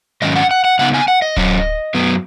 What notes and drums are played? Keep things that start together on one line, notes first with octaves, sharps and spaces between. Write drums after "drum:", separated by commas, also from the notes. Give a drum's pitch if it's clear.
G#2 D#3 F#3 C#4 D#5
F#5
F#5
F#5
C#3 B3 D#4 F#5
G#5
F#5
D#5
F#2 F#3 C#4, drum: kick D1
F#2 F#3 B3